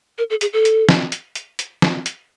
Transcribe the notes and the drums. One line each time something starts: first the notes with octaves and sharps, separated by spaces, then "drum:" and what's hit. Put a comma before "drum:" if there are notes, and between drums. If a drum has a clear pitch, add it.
A#4
A4
G#4, drum: hi-hat
A4
drum: hi-hat
drum: snare
drum: hi-hat
drum: hi-hat
drum: hi-hat
drum: snare
drum: hi-hat